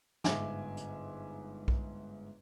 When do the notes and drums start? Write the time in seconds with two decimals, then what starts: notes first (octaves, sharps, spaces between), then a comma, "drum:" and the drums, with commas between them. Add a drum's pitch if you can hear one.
0.24 G1 G#2 E5 G#5 D6, drum: snare
0.77 drum: hi-hat
1.68 drum: kick B1